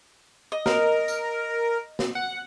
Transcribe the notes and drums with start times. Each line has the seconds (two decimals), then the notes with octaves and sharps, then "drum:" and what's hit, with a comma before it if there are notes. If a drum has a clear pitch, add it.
0.52 D#5
0.66 A#4, drum: snare
1.08 drum: tambourine
1.99 drum: snare
2.15 F#5